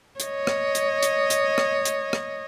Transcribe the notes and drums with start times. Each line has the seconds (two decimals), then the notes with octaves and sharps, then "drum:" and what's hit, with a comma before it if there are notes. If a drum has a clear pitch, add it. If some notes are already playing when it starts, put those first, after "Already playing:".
0.20 C#5 D#5, drum: hi-hat
0.47 drum: rim click
0.75 drum: hi-hat
1.03 drum: hi-hat
1.30 drum: hi-hat
1.58 drum: rim click
1.85 drum: hi-hat
2.13 drum: rim click